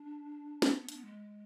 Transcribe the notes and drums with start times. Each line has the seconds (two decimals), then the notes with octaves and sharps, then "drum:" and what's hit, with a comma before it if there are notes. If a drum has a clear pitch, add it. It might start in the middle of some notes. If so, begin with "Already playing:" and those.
Already playing: D4
0.62 drum: snare
0.80 B3
0.89 D4, drum: hi-hat
0.97 B3
1.05 G#3